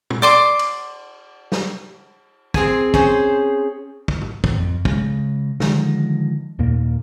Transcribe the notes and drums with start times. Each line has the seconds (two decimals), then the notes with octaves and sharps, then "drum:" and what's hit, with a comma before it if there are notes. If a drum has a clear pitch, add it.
0.10 drum: tom
0.22 D5 C6 D6
0.59 drum: cymbal
1.52 drum: snare
2.54 C4 G#4 G#5, drum: kick
2.94 C#4 G#4 C5, drum: kick
4.08 drum: kick
4.22 drum: tom G#2
4.44 A1, drum: kick
4.57 F2
4.85 C#3 G#3, drum: kick
5.60 D3 D#3 F3 G#3, drum: snare
6.59 D#2 A#2 A#3